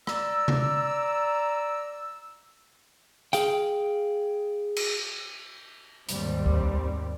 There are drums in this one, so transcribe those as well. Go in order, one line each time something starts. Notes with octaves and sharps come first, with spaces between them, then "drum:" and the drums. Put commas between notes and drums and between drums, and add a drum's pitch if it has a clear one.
D5 A#5 E6, drum: rim click
drum: tom C3
G#4 F5 G5, drum: hi-hat
drum: cymbal
D#2 G#2 G3 C4, drum: hi-hat
drum: kick C2